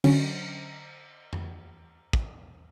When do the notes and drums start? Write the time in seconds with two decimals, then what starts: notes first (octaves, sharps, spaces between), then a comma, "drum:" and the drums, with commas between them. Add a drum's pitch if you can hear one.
0.04 D3 F#3 C#4, drum: cymbal
1.33 drum: tom F2
2.13 drum: kick